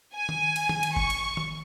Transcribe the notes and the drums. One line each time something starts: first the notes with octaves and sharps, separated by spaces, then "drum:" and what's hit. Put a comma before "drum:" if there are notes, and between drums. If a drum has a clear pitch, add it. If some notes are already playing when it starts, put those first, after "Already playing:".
G#5
drum: tom D#3
drum: cymbal
drum: tom D#3
drum: cymbal
C#6, drum: kick F#1
drum: cymbal
drum: tom D#3